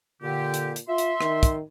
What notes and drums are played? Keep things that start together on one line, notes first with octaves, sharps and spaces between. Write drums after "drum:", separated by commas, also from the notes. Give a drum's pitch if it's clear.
A#2 D3 G4
drum: hi-hat
drum: hi-hat
F4 E5 C6
drum: hi-hat
D#3, drum: rim click
drum: kick, hi-hat